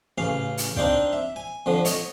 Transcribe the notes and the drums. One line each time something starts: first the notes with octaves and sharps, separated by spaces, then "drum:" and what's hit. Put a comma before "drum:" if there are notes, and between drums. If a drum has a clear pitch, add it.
A1 C#3 F5
drum: hi-hat
C4 D4 D#4 F4 D5 G5, drum: kick
E5
G#5
F2 D3 F3
C#5 D#5, drum: hi-hat